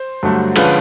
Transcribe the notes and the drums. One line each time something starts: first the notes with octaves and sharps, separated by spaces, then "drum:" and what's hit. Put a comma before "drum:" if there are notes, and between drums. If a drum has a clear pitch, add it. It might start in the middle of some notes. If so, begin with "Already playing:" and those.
Already playing: C5
G2 D3 F#3 A3
D3 F3 G#3 C#4 F4 B4, drum: cymbal